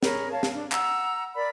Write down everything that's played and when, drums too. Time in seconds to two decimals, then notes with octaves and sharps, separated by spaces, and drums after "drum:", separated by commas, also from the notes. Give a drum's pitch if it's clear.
0.03 G#4 A#4 C#5 B5, drum: snare
0.32 C#5 F5 A5
0.43 drum: snare
0.53 D4
0.72 F#5 A#5 E6, drum: clap
1.35 A#4 D5 B5